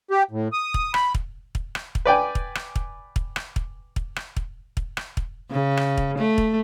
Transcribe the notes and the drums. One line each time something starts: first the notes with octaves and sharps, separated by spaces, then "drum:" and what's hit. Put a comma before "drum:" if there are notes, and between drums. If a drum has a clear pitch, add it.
G4
A2
D#6
drum: kick
B5, drum: rim click
drum: kick
drum: kick
drum: rim click
drum: kick
B4 D5 G5 G#5
drum: kick
drum: rim click
drum: kick
drum: kick
drum: rim click
drum: kick
drum: kick
drum: rim click
drum: kick
drum: kick
drum: rim click
drum: kick
C#3
drum: rim click
drum: kick
A3
drum: kick